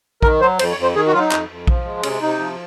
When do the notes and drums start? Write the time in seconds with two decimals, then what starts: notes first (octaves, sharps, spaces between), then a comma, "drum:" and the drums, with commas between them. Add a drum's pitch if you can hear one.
0.23 D#3 A#4, drum: kick A#1
0.41 F#3 C5
0.59 F2 C5, drum: cymbal
0.71 C#5
0.77 F2
0.83 C5
0.95 D#3 G#4
1.07 F#4
1.13 F#3 F4
1.19 D#4
1.31 F2, drum: clap
1.49 F2
1.67 F3, drum: kick A#1
1.85 G#3
2.03 C3 C#4, drum: cymbal
2.22 C3 D#4
2.39 F3